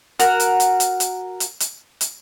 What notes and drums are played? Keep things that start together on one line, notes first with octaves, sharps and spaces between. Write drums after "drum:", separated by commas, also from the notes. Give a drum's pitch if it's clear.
F#4 A#4, drum: hi-hat
drum: hi-hat
drum: hi-hat
drum: hi-hat
drum: hi-hat
drum: hi-hat
drum: hi-hat
drum: hi-hat